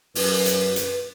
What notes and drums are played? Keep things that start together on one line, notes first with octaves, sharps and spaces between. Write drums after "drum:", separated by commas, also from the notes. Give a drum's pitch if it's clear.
F#2 B4, drum: open hi-hat
drum: hi-hat
drum: hi-hat